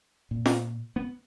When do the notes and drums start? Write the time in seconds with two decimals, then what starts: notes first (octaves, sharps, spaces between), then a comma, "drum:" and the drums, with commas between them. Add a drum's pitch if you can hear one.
0.31 A#2
0.46 drum: snare F4
0.96 B3